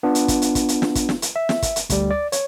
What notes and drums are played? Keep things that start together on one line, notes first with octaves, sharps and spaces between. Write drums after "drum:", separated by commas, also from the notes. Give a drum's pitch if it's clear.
B3 D4 F4
drum: hi-hat
drum: kick, hi-hat
drum: hi-hat
drum: kick, hi-hat
drum: hi-hat
drum: snare
drum: kick, hi-hat
drum: snare
drum: hi-hat
E5
drum: snare
drum: kick, hi-hat
drum: hi-hat
D2 G3, drum: kick, hi-hat
D5
C#5, drum: hi-hat